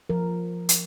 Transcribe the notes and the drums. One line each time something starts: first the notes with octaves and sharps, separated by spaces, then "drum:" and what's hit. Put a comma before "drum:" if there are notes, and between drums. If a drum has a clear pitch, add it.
F3 A#4
drum: hi-hat